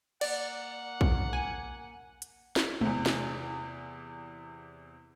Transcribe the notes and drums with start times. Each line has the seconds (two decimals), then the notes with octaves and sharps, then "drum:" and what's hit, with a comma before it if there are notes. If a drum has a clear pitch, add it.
0.21 A#3 D5 F#5, drum: cymbal
1.01 drum: kick A#1
1.33 G#5
2.22 drum: hi-hat
2.56 drum: snare
2.81 E2 C3, drum: tom G#3
3.06 drum: snare